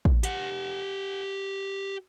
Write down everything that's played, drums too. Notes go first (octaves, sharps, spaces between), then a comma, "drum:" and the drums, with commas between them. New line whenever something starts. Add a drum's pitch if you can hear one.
drum: kick
G4 F#5, drum: hi-hat